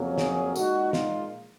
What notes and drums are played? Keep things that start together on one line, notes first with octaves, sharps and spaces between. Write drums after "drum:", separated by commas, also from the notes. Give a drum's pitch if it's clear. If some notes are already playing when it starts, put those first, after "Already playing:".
Already playing: F2 C#3 F#3 A#3 C#4
G#4, drum: snare
A#2 G#3 D#4 F#4, drum: tambourine
F4, drum: snare